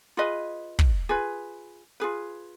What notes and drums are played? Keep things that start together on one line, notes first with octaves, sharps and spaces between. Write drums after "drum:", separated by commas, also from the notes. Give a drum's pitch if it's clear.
F4 G#4 B4 D#5
drum: kick
F4 G#4 B4
F4 G#4 B4